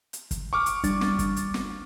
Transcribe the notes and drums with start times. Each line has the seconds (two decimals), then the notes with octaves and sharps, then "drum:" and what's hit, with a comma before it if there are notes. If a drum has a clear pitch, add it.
0.13 drum: hi-hat
0.31 drum: kick, hi-hat
0.53 C#6 D6 F6
0.66 drum: hi-hat
0.84 G3 D4 A6, drum: kick, hi-hat
1.01 drum: snare
1.19 drum: kick, hi-hat
1.36 drum: hi-hat
1.54 drum: snare